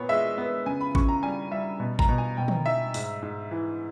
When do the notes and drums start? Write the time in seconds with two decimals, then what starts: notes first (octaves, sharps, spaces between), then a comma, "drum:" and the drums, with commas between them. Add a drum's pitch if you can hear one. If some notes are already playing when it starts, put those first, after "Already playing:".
Already playing: A#2 B3 C#5
0.09 G#3 E5
0.38 B3
0.66 C#3 G#5
0.81 B5
0.95 C#3 C#6, drum: kick G#1
1.09 A#5
1.23 G3 G#5
1.51 G3 E5
1.80 B2
1.99 A#5, drum: kick G#1
2.09 B2
2.18 G#5
2.37 B2 G5
2.48 drum: tom
2.66 D#4 E5
2.94 G#2, drum: open hi-hat
3.22 G#2
3.51 E3